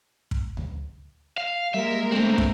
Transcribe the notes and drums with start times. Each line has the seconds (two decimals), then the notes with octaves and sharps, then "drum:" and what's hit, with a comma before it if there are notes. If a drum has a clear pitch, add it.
0.31 drum: kick
0.57 drum: tom D2
1.38 F5
1.74 G3 G#3 A#3 A#4 E5
2.12 D3 A3 C4
2.38 drum: kick